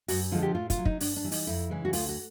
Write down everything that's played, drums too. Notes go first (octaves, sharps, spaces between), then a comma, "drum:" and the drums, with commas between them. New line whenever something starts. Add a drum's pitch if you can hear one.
F#2 F#4, drum: open hi-hat
D3 F3 G#3 F4
G4
A2 F4
F4, drum: kick, hi-hat
F#3
D#4, drum: kick
G2 D4, drum: open hi-hat
D4
E3 G3
D#4, drum: open hi-hat
F2 E4
C#3 E3 G#3
F#4
D2 F4, drum: open hi-hat
F#4